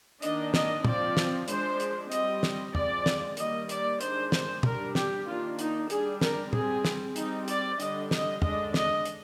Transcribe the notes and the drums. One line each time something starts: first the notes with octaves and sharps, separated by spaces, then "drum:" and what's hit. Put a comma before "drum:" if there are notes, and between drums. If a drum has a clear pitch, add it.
D#3 A#3 D4 D#5, drum: hi-hat
D#5, drum: snare
F3 C4 D5, drum: tom
drum: snare
F3 G#3 D4 C5, drum: hi-hat
drum: hi-hat
G3 C4 D#5, drum: hi-hat
drum: snare
F3 G#3 C4 D5, drum: tom
drum: snare
D#3 G3 A#3 D#5, drum: hi-hat
D5, drum: hi-hat
D#3 G#3 D4 C5, drum: hi-hat
C5, drum: snare
D4 A#4, drum: tom
G3
G4, drum: snare
D#3 A#3 D4 F4
D#4, drum: hi-hat
G3 D4 G#4, drum: hi-hat
A#4, drum: snare
G3 C4 G#4, drum: tom
drum: snare
G3 C4 D#4, drum: hi-hat
D5, drum: hi-hat
D3 G3 D4 D#5, drum: hi-hat
D#5, drum: snare
D3 G#3 D4 D#5, drum: tom
D#5, drum: snare
drum: hi-hat